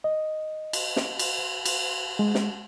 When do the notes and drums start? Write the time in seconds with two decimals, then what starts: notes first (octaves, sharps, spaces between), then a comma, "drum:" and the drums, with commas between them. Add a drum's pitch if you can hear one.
0.04 D#5
0.73 drum: cymbal
0.96 drum: snare
1.19 drum: cymbal
1.65 drum: cymbal
2.19 G#3
2.35 drum: snare